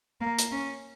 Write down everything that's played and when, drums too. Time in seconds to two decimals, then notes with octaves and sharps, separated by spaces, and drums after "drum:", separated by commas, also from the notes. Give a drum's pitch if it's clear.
0.21 A#3
0.39 drum: hi-hat
0.52 C#4